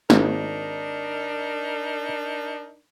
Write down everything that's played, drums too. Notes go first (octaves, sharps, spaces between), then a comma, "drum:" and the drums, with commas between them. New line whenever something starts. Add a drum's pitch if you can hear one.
G#1 D4 D#4 A#4, drum: snare